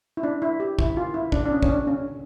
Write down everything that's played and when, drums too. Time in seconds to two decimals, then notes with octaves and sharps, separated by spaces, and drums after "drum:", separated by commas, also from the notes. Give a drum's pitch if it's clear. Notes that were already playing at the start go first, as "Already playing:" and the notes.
0.17 E4
0.23 D4
0.42 E4
0.60 G4
0.79 E4, drum: kick
0.97 F4
1.14 E4
1.32 D4, drum: kick
1.45 D4
1.52 C#4
1.63 C#4, drum: kick
1.69 D4
1.87 C#4